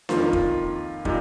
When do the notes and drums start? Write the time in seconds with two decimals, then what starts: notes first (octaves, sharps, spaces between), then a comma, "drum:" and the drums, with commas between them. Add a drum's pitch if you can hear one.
0.09 F2 D#3 A#3 F4, drum: snare D4
0.33 drum: kick
1.05 A#2 G3 A#3 D#4, drum: kick